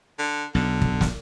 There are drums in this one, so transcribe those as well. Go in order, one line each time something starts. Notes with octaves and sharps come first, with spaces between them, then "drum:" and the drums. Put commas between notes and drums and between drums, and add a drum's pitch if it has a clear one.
D3
B1 D3
drum: kick
drum: snare